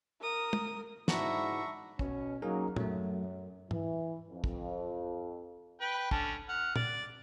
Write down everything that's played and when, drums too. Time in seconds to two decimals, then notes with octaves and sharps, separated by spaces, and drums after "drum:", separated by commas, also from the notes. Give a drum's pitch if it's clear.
0.20 A#4 D#6
0.53 drum: tom
1.08 G#2 D4 E4 F#4 E5 A#5 C#6, drum: snare
1.99 B2 C#4, drum: kick
2.42 F#3 A#3 C#4 D#4 G#4 A#4
2.76 F#2 F#3 A3, drum: tom
3.71 E3, drum: tom
4.30 F2
4.44 drum: kick
5.81 B4 G5 B5
6.11 D3 C#4 A5, drum: kick
6.49 F#5 F6
6.76 D5, drum: tom